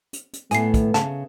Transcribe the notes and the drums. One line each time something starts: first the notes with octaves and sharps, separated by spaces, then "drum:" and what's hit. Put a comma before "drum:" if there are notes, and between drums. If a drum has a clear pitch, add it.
drum: hi-hat
drum: hi-hat
A2 A3 B3 G#5 C7, drum: hi-hat
drum: kick, hi-hat
C#3 A5, drum: snare